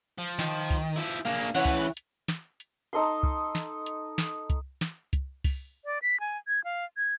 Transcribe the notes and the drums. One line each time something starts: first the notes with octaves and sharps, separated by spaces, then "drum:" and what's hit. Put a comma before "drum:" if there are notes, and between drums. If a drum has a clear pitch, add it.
F3
D#3, drum: snare
drum: kick, hi-hat
F3 E4
A#3 D4 G#4 F5
C#3 E3 B4 C#5 F#5
drum: kick, open hi-hat
drum: hi-hat
drum: snare
drum: hi-hat
D#4 A4 D#5 C6
drum: kick
drum: snare
drum: hi-hat
drum: snare
drum: kick, hi-hat
drum: snare
drum: kick, hi-hat
drum: kick, open hi-hat
D5
B6
G#5
G#6
F5
G#6